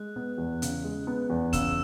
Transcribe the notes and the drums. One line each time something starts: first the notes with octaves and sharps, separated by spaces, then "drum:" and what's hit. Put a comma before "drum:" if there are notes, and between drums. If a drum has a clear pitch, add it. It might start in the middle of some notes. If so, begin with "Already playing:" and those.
Already playing: G#3 F#6
B3
E2
C#3, drum: hi-hat
G#3
B3
E2
C#3 E6 E7, drum: kick, hi-hat